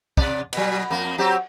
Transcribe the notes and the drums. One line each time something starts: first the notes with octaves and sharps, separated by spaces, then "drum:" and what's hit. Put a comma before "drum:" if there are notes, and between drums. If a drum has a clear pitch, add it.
C3 D5, drum: kick
B2 F#3, drum: cymbal
F2 A#3
F#3 C4 G4